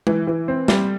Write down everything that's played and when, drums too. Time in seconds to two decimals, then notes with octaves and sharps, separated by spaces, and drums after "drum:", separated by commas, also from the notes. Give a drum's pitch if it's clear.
0.07 E3, drum: tom G#3
0.27 E3
0.48 C4
0.68 G3, drum: snare